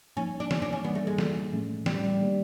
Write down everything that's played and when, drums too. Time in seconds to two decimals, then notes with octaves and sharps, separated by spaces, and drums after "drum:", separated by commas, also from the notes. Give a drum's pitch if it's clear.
0.17 F3 A#3 C#4 D#4
0.40 D4
0.51 C#4, drum: snare
0.62 D4
0.73 C#4
0.84 E3 G3 A#3 B3 D4
0.95 A3
1.07 G#3
1.18 drum: snare
1.52 A2 F3 A3 C#4
1.86 G3, drum: snare
2.20 D#3 G3 A#3 D4 G4